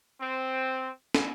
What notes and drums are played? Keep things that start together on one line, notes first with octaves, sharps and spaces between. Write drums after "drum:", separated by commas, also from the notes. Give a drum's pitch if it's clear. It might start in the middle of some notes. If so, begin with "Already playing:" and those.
C4
drum: snare